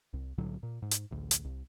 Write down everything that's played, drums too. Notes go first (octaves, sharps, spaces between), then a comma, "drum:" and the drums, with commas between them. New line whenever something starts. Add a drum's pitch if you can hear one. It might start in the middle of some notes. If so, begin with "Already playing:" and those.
C2
C2 A2 D3 F#3
A#2
G#2
drum: hi-hat
A1 D2
drum: hi-hat
C2